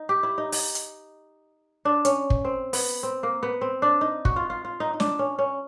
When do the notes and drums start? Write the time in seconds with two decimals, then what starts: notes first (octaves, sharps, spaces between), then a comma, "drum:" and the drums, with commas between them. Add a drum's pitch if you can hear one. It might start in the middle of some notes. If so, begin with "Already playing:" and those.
Already playing: D#4
0.09 G4
0.23 E4
0.38 D#4
0.52 D#4, drum: open hi-hat
0.75 drum: hi-hat
1.85 D4
2.05 C#4, drum: hi-hat
2.30 drum: kick
2.45 C4
2.73 B3, drum: open hi-hat
3.03 C4
3.23 A#3
3.43 B3
3.61 C4
3.82 D4
4.01 D#4
4.25 F#4, drum: kick
4.36 F4
4.50 F4
4.65 F4
4.80 D#4
4.94 D#4
5.00 D4, drum: snare
5.19 C#4
5.39 C#4